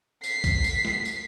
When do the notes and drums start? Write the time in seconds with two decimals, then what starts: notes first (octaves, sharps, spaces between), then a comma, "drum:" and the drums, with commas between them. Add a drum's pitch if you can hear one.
0.24 B6 C7, drum: tambourine
0.44 drum: kick B1, tambourine
0.64 drum: tambourine
0.85 drum: snare
1.05 drum: tambourine